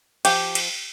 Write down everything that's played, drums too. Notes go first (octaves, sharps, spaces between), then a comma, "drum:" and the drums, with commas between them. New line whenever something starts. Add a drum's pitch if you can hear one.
F3 G4, drum: cymbal
drum: cymbal